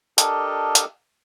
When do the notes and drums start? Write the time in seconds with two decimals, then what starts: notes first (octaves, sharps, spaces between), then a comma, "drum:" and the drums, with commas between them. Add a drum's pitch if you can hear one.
0.18 D4 G4 A4 A#4 D#5, drum: hi-hat
0.75 drum: hi-hat